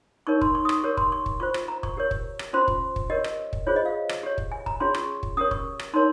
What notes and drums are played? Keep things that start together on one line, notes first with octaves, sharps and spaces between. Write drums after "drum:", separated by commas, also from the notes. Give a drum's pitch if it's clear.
D#4 A#4 C#5 C#6
C6, drum: kick
C#6
D#6
C#6, drum: rim click
G4 A#4 C#5 C#6
C6, drum: kick
C#6
drum: kick
F4 C5 C#6
drum: rim click
A#5
C#6, drum: kick
G4 A#4 C#5
drum: kick
drum: rim click
C#4 F4 C5 C6
drum: kick
drum: kick
G4 A#4 C#5 D#5
drum: rim click
drum: kick
F4 G#4 C5 C#5
D#5
F5
drum: rim click
G4 C#5
drum: kick
G#5
A#5, drum: kick
C#4 F4 G#4 C#5 C6
C#6, drum: rim click
drum: kick
C#4 G4 A#4 C#5 D#6
C#6, drum: kick
drum: rim click
D#4 A#4 C#5 C6